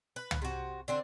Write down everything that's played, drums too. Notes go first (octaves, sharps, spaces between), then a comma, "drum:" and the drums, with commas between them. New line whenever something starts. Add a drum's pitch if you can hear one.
B4
drum: tom
C3 F#4
D3 C4 D4